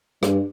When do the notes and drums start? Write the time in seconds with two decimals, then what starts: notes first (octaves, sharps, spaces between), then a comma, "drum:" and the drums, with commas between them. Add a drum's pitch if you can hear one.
0.23 G2, drum: rim click